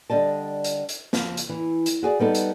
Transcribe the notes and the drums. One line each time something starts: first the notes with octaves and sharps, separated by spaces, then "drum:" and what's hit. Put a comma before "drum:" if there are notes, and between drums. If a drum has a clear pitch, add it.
D3 G3 D#5 A5
drum: hi-hat
drum: hi-hat
F3, drum: snare
drum: hi-hat
E3
drum: hi-hat
F#4 G#4 D5
G3 B3 D#4 A4
drum: hi-hat